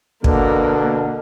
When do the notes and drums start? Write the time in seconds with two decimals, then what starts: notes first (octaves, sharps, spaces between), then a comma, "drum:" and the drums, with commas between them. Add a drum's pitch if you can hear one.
0.24 B2 D3 A#3, drum: kick